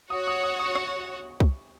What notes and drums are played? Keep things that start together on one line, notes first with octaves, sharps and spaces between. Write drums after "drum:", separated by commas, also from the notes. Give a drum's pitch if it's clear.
F#4 C#5 F#5 D#6
D#6
D#6
D#6
C#6, drum: rim click
drum: kick C2